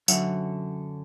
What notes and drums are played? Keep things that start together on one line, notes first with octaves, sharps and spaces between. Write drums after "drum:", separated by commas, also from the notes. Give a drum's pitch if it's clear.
F#2 D3 F#3 E5 F#5, drum: tambourine